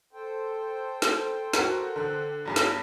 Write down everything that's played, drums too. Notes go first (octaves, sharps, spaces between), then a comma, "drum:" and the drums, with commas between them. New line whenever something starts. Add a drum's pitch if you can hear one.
A4 C5 G5
drum: snare
F#4 A#4, drum: snare
D3 F#6
B1 G2 G#4
drum: snare